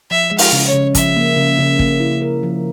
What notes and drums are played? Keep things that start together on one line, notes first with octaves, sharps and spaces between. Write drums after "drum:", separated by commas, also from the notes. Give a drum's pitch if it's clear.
F3 E5
G#3
F5, drum: open hi-hat
C#3
C#5
C#3
F3 E5, drum: kick, hi-hat
A#3
C#3
C#3
A#3, drum: kick
E4
A#4
F3